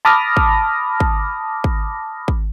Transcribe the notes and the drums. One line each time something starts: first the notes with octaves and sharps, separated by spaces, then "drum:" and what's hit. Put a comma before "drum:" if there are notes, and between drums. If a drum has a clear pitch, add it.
A5 B5 D6 D#6 F6 A#6
drum: kick
drum: kick
drum: kick
drum: kick